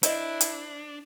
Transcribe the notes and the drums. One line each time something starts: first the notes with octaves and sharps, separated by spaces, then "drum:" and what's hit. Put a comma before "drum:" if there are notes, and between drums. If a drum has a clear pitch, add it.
D4 E4 C5 D#5, drum: hi-hat
drum: hi-hat